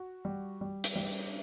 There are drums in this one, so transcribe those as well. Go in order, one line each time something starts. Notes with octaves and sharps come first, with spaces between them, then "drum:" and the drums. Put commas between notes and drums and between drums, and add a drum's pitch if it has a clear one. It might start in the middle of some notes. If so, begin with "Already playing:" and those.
Already playing: F#4
G3
G3
drum: hi-hat
G3